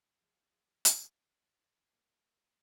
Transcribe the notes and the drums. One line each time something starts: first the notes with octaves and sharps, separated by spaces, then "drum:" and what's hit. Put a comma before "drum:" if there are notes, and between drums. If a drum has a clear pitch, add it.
F3 G#3
G3 A#3
F3 G#3
F3 G#3
drum: hi-hat
G3 A#3